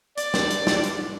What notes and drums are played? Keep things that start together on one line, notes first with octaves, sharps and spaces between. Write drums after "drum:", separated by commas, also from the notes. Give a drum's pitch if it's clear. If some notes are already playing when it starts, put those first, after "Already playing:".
D5, drum: hi-hat
drum: snare
drum: hi-hat
drum: snare
drum: hi-hat